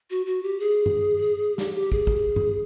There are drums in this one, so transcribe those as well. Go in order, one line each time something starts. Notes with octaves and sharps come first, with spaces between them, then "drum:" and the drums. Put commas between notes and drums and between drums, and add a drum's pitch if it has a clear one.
F#4
F#4
G4
G#4
drum: tom G2
G4, drum: snare
G4
G#4, drum: kick
drum: kick
drum: tom G2